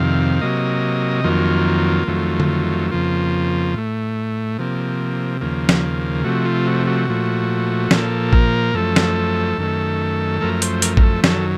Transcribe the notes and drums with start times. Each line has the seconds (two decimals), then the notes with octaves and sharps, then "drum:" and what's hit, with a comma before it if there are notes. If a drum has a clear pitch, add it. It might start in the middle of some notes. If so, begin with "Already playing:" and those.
Already playing: F2 C3 D#3 F5
0.41 C3 F#3 A#3 D#5
1.24 F2 D#3 F#3 A#3 F4
2.07 F2 D#3 F#3 A3
2.40 drum: tom D3
2.91 F2 C#3 F3 A#3 F4
3.74 A2 A3
4.58 C3 F3 A#3
5.41 D#2 C#3 F3 A#3
5.69 drum: snare
6.24 C3 F3 A3 F#4
6.45 F4
6.66 F#4
6.87 F#4
7.08 A#2 F3 A3
7.91 A#2 F3 A#3 A4, drum: snare
8.33 A#4, drum: kick A1
8.74 F#2 F3 A3 A4
8.96 drum: snare
9.58 F#2 D#3 A3
10.41 F#2 F3 A3 A#4
10.62 C5, drum: hi-hat
10.82 A#4, drum: hi-hat
10.97 A#4, drum: kick A1
11.04 A4
11.24 F#2 D#3 F#3 A4, drum: snare